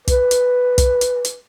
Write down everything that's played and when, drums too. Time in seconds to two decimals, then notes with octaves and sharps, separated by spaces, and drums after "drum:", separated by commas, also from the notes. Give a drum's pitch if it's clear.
0.07 B4, drum: kick, hi-hat
0.31 drum: hi-hat
0.78 drum: kick, hi-hat
1.01 drum: hi-hat
1.25 drum: hi-hat